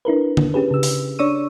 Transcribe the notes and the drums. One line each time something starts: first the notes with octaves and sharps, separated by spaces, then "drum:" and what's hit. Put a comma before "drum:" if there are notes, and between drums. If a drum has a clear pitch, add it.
D4 E4 A#4 B4
drum: tom D3
C#4 G4 G#4 B4
C#3 E6
drum: open hi-hat
D4 C#5 D5 C#6 E6 D#7